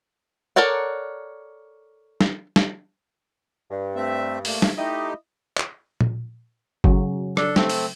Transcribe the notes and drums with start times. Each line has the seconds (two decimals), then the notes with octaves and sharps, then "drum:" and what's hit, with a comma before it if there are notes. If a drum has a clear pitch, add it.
0.56 A4 A#4 C#5 D5 F#5
2.21 drum: snare
2.56 drum: snare
3.71 G2
3.96 A3 C4 E5
4.45 A3 A#3, drum: open hi-hat
4.62 drum: snare
4.77 A3 D#4 E4 G4 D#5
5.57 drum: clap
6.01 drum: tom A#2
6.84 C#3 F#3, drum: kick G1
7.37 D4 A4, drum: rim click
7.56 A3 C4, drum: snare
7.69 drum: open hi-hat